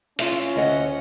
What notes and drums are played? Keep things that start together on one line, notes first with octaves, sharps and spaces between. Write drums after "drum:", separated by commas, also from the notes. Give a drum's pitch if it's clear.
C#4 F4 E5, drum: hi-hat
D2 D#5 F#5